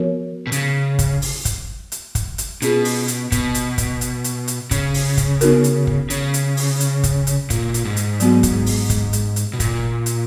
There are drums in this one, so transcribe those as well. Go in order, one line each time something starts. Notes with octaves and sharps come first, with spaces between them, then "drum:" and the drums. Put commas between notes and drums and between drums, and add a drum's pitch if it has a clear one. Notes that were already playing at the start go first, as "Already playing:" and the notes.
Already playing: F3 B3 F#4 A#4 C#5
B2
C#3, drum: hi-hat
drum: kick, hi-hat
drum: open hi-hat
drum: kick, hi-hat
drum: hi-hat
drum: kick, hi-hat
drum: hi-hat
B2 C#4 F4 G#4, drum: hi-hat
drum: open hi-hat
drum: hi-hat
B2, drum: kick, hi-hat
drum: hi-hat
drum: kick, hi-hat
drum: hi-hat
drum: hi-hat
drum: hi-hat
C#3, drum: kick, hi-hat
drum: open hi-hat
drum: kick, hi-hat
B3 D#4 F#4 A#4, drum: hi-hat
drum: hi-hat
drum: kick
C#3, drum: hi-hat
drum: hi-hat
drum: open hi-hat
drum: hi-hat
drum: kick, hi-hat
drum: hi-hat
A#2, drum: kick, hi-hat
A#2, drum: hi-hat
G#2
drum: hi-hat
F#3 B3 F#4, drum: hi-hat
drum: kick, hi-hat
drum: open hi-hat
drum: kick, hi-hat
drum: hi-hat
drum: hi-hat
B2
A#2, drum: kick, hi-hat
drum: hi-hat